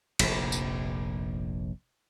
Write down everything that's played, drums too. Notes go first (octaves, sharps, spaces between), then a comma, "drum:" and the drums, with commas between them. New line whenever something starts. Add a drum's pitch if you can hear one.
F1 A#1, drum: cymbal
drum: tambourine